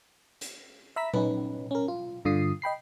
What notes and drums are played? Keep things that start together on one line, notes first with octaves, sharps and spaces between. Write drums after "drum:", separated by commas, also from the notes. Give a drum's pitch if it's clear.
drum: hi-hat
E5 A#5 B5 E6 B6
C#4 D#4 B4, drum: tom A#2
C#4 A#4
F4
G2 D3 F4 D#6 C7
D#5 G5 B5 C7